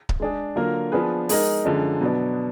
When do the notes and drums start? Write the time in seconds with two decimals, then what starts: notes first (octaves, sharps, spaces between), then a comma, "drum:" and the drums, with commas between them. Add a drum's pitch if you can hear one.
0.09 drum: kick C#1
0.20 G#3 D4 G#4
0.56 D3 F#3 A#3 F4 A#4
0.92 F3 B3 D4 G#4 B4
1.29 G#3 D#4 A#4 D#5, drum: open hi-hat
1.65 F#2 D3 F3 G#3 D4
2.01 B2 F#3 B3 D4